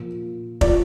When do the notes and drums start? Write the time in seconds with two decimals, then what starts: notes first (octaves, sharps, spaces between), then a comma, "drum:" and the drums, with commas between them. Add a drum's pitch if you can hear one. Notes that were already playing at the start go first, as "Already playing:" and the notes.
Already playing: A#2 F3
0.61 A#2 F3 D5, drum: kick